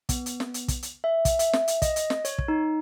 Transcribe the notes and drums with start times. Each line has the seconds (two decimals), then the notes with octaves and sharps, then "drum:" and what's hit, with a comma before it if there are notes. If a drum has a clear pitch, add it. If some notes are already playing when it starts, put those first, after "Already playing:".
0.09 B3, drum: kick, hi-hat
0.26 drum: hi-hat
0.40 drum: snare
0.54 drum: hi-hat
0.68 drum: kick, hi-hat
0.83 drum: hi-hat
1.04 E5
1.25 drum: kick, hi-hat
1.39 E5, drum: hi-hat
1.53 drum: snare
1.68 drum: hi-hat
1.82 D#5, drum: kick, hi-hat
1.96 drum: hi-hat
2.10 drum: snare
2.25 C#5, drum: hi-hat
2.38 drum: kick
2.48 D#4